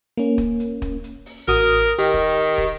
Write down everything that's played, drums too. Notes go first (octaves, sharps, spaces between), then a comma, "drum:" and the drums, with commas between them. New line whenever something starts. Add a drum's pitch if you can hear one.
A#3 C#4, drum: hi-hat
drum: kick, hi-hat
drum: hi-hat
drum: kick, hi-hat
drum: hi-hat
drum: open hi-hat
A1 F#4 A#4 D#6, drum: snare
drum: hi-hat
D#3 G4
drum: kick, hi-hat
drum: hi-hat
drum: kick, hi-hat